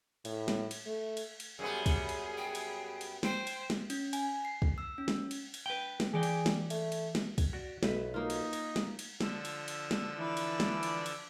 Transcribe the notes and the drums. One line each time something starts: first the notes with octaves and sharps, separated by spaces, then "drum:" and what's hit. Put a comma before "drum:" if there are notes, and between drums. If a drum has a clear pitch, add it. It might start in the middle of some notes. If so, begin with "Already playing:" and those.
A2, drum: cymbal
drum: snare
drum: cymbal
A3
drum: cymbal
drum: cymbal
F#2 G3 B3 G#4
drum: kick, cymbal
drum: cymbal
G5
drum: cymbal
drum: cymbal
C5 G5, drum: snare
drum: cymbal
drum: snare
C#4, drum: cymbal
G#5, drum: cymbal
C7
drum: kick
E6
C#4
drum: snare
drum: cymbal
drum: cymbal
B4 G5
drum: snare
E3 G#4 D5 G5
drum: cymbal
drum: snare
A3, drum: cymbal
drum: cymbal
drum: snare
drum: kick, cymbal
F#4 D5
B1 B4 E5, drum: snare
A#3 D#4 F4
drum: cymbal
A#4, drum: cymbal
drum: snare
drum: cymbal
D3 F3 E6, drum: snare
drum: cymbal
drum: cymbal
drum: snare
E3 B4 D5
drum: cymbal
drum: snare
drum: cymbal
drum: cymbal